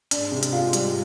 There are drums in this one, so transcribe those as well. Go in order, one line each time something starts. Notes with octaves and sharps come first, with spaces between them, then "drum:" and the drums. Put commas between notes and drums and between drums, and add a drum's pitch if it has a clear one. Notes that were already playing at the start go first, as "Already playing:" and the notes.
G#2 G#3 D4, drum: hi-hat
C3
drum: hi-hat
F4
G3, drum: hi-hat